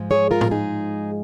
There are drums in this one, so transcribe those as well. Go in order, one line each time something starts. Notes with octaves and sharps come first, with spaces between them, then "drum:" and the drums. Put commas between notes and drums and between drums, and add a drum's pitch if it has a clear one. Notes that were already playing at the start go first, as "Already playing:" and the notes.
Already playing: G#2 F3 G#3
G#4 C#5
F4 A#4
drum: tom A2
D#4 G#4